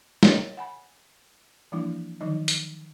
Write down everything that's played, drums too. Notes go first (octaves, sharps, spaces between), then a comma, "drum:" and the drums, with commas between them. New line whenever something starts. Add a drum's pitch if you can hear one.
A#4 C#5 D#5 G5, drum: snare
F#5 G#5 B5
E3 F3 G3 A#3 D4 E4
D3 D#3 F3 F#3 D#4 D#5
drum: hi-hat